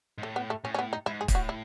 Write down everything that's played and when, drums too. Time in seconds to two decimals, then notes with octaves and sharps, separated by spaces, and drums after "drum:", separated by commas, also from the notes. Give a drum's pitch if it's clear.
0.18 G#2
0.22 A2 A3
0.36 B3
0.50 A3
0.64 A2 C#4
0.74 C#4
0.79 B3
0.93 D#4
1.06 G#2 E4
1.21 G#4
1.28 A2, drum: kick, hi-hat
1.35 F#4
1.49 E4